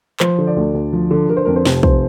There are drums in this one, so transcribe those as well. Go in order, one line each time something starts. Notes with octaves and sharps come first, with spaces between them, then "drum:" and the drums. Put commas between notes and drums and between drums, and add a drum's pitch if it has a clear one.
F3 C5, drum: clap
D3
D5
D2
D2
F3
D3
D3 A#4
C5
F2 A#4
C5
F1, drum: snare
F1 C5, drum: kick